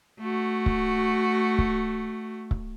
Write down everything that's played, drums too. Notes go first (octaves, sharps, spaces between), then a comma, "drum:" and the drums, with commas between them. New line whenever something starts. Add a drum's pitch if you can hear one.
A3 F#4
drum: kick C#1
drum: kick C#1
drum: kick C#1